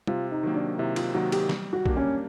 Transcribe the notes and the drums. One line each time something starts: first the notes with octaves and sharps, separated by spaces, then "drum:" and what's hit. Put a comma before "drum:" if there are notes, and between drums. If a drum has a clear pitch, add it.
C3 F4, drum: tom G3
D#4
D#3 F#3 A#3
D4
C3 E4
F4, drum: cymbal
D#3 F#3 A#3 F#4
G4, drum: cymbal
G3, drum: snare
F#4
A#3 D4 G4, drum: kick
C#4